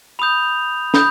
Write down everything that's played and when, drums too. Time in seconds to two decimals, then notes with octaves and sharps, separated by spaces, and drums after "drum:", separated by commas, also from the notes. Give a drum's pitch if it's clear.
0.19 B5 D#6 G6 F7
0.94 B5 D#6 G6, drum: snare